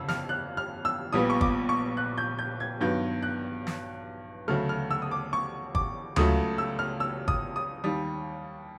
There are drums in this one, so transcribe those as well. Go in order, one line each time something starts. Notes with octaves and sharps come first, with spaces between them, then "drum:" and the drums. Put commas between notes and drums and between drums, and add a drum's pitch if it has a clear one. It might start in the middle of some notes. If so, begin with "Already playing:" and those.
Already playing: G1 F2 C#3 E6
F6, drum: snare
F#6
F6
E6
A#1 A#2 G3 B3 D#6
C#6
D6, drum: kick
C#6
F#6
G6
G6
G#6
G2 D#3 F#3 B3 G6
F#6
drum: snare
D2 C#3 F#3 A3 F6
F6
E6
D#6
D6
C#6
D6, drum: kick
C#2 C#3 F#3 A3 D#6, drum: tom D2
E6
F6
E6
D#6, drum: kick
D#6
D#2 D#3 G3 D#6